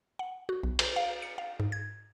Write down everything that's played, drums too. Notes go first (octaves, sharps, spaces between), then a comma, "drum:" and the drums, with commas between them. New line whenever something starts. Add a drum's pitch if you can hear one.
F#5
F#4
B1
drum: cymbal
F5
C#7
F5
G#2
G#6